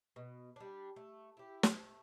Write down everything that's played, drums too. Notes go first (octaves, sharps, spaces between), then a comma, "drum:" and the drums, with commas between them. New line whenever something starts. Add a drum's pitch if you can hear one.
B2
G3 D4
A3
E4 G4
drum: snare
A3